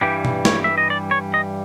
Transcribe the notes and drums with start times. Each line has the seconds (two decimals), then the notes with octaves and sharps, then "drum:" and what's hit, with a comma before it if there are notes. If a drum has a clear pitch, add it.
0.01 G2 E3 G3 G4
0.25 drum: tom
0.45 C#5, drum: snare
0.64 E5
0.78 D#5
0.90 D5
1.11 C#5
1.34 D#5